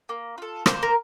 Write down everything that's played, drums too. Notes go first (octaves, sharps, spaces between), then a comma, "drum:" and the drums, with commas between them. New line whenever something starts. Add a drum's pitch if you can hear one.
A#3
F4 A4
A#3 C5, drum: rim click
A#4